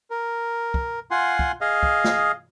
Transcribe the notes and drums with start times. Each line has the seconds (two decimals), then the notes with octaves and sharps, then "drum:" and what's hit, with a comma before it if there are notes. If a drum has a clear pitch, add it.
0.10 A#4
0.74 drum: kick
1.11 F4 F#5 G#5 C6
1.39 drum: kick
1.61 G#4 D#5 F5
1.83 drum: kick
2.04 drum: snare